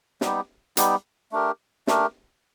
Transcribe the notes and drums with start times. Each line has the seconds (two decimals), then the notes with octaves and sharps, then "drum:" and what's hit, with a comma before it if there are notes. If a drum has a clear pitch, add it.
0.21 G3 B3 D#4 G4, drum: snare
0.77 G3 B3 D#4 G4, drum: hi-hat
1.32 A3 D4 G4 A#4
1.87 A3 D4 G4 A#4, drum: snare